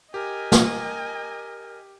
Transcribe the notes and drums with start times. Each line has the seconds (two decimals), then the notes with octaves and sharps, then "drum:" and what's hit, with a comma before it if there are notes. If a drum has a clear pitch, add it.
0.14 G4 A#4 D#5 G#5
0.52 drum: snare